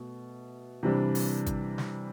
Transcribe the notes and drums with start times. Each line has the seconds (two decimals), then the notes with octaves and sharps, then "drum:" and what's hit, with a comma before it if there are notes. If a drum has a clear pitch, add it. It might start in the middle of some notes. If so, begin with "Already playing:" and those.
Already playing: B2 A3
0.83 C3 E3 G3 D4
1.15 drum: open hi-hat
1.46 drum: kick G#1, hi-hat
1.78 drum: snare